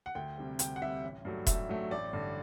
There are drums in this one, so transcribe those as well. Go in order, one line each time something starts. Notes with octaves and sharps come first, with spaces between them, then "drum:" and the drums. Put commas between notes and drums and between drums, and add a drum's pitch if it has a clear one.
F#5
D2 G5
C3 G3
D2 G5, drum: hi-hat
F#5
C3 G3 E5
A1
G2 F#3 A3
A1 E5, drum: kick E1, hi-hat
G2 F#3 A3
A1 D5
G2 D3